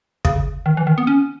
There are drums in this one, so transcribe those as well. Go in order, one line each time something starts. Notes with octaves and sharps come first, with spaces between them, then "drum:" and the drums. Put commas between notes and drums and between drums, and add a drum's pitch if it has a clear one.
C#3, drum: kick
D#3
E3
D#3
B3
C#4